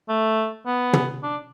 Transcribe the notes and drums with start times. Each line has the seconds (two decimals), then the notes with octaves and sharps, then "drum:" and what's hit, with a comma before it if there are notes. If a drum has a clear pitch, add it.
0.09 A3
0.66 B3
0.93 drum: tom
1.23 D4